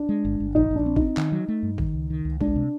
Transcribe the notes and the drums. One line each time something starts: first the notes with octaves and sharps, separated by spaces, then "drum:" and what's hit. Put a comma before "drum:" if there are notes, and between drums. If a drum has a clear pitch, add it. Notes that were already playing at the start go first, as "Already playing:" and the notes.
Already playing: D4
G#3
G1
G1
A#1 D#4
A#1 D4
C4
D#4, drum: kick G#1
C4
D#3, drum: clap
F#3
A3
G2
D#3, drum: kick G#1
C#2
D#3
C#2
G#3 D4, drum: kick G#1
C3